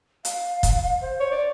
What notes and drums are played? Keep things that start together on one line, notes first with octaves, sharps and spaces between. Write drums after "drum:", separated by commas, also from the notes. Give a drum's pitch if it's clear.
F5, drum: hi-hat
drum: kick, hi-hat
C5
C#5
D5